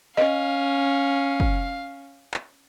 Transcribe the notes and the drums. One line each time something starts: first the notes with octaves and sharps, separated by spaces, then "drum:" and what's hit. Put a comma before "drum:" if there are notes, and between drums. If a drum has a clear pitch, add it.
C#4 D#5 F5
drum: kick
drum: clap